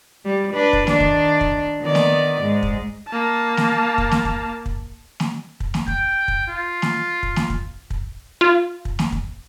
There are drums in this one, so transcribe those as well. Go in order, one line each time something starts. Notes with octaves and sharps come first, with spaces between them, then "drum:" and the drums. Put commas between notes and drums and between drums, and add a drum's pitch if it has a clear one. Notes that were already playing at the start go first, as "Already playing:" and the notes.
G3
D4 B4
drum: kick
D#3 D4, drum: snare
drum: kick
drum: kick
D#3 B3 D5
drum: snare
G#2 G#3
drum: kick
A#3 A5
drum: snare
drum: kick
drum: snare
drum: kick
drum: kick
drum: snare
drum: kick
drum: snare
G5, drum: kick
drum: kick
F4
drum: snare
drum: kick
drum: snare
drum: kick
drum: kick
F4
drum: kick
drum: snare
drum: kick